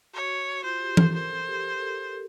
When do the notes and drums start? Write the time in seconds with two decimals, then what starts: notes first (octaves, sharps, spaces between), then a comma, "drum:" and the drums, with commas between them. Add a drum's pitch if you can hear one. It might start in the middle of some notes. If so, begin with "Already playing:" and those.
0.13 F#4 C#5
0.63 F4 C5
0.80 G4
0.97 A4, drum: tom E3
1.14 A#4 C5
1.30 A4
1.48 G4
1.64 A#4
1.80 A4
1.90 A#4